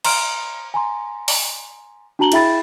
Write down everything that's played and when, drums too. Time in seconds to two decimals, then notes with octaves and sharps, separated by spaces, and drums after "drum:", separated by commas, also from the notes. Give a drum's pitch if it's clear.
0.05 A#5 C6 F6 D7, drum: cymbal
0.74 G#5 A#5 C6
1.28 drum: open hi-hat
2.19 D4 F#4 A5 A#5 F#7 G7
2.32 E4 G#4 E5 G5 B5 A6, drum: cymbal